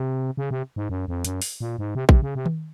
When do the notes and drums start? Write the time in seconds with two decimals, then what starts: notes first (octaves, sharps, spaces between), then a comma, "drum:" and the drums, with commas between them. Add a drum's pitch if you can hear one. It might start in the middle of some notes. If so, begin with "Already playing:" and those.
Already playing: C3
0.37 C#3
0.51 C3
0.76 G#2
0.90 F#2
1.08 F2
1.25 F#2, drum: hi-hat
1.42 drum: open hi-hat
1.61 A#2
1.78 G#2
1.95 C3
2.09 C3, drum: kick A#1
2.22 C#3
2.35 C3
2.46 drum: tom D#3